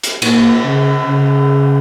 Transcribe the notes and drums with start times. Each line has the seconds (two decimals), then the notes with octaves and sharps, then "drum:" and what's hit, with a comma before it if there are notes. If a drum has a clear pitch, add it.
0.03 drum: hi-hat
0.22 A#2, drum: cymbal
0.64 C#3
1.04 C#3